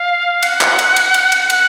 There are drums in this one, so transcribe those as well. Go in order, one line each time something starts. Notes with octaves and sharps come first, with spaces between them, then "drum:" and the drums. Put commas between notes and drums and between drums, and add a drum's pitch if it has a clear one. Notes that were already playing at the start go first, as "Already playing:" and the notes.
Already playing: F5
F#5, drum: cymbal
drum: clap
drum: cymbal
drum: cymbal
drum: cymbal
drum: cymbal
F#5, drum: cymbal